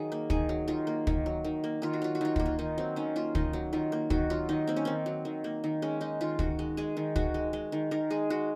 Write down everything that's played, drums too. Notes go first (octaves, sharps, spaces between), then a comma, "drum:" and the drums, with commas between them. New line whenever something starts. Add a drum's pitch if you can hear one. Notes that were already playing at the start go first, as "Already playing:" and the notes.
Already playing: D#3 F#3 G#4
A#3
D#3 G#4, drum: kick
F#3
D#3 F4
A#3
D#3, drum: kick
F#3
D#3
A#3
D#3 F4
F#4
F#3 F4
F#4
D#3 F4
A#3 F#4, drum: kick
F4
D#3 D#4
F#3 C4
D#3 C#4
A#3 F4
D#3 D#4, drum: kick
F#3
D#3 F4
A#3
D#3 F#4, drum: kick
F#3 F4
D#3 D#4
A#3 C4
C#4
D#3 C4
F#3
D#3
A#3
D#3
G#3 C#4
G#3 D#4
D#3 F4
D#3 F#4, drum: kick
G#3
G#3 G#4
D#3
D#3 F#4, drum: kick
G#3
G#3
D#3
D#3 A#4
G#3 G#4
G#3 F#4